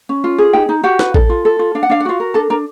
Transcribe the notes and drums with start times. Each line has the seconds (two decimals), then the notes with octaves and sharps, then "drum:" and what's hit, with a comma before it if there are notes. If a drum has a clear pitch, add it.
0.09 C#4
0.24 F4
0.38 G#4
0.53 D#4 G4 G5
0.69 D#4
0.83 F#4 G4 F#5
0.99 B4, drum: snare
1.14 A4, drum: kick A1
1.29 F4
1.45 A4
1.59 F4
1.75 D4 F5
1.83 F#5
1.90 D4 F5
2.00 F#5
2.05 F4 F#4 F5
2.20 A#4
2.34 D4 A4 A5
2.50 D4 A#4 A#5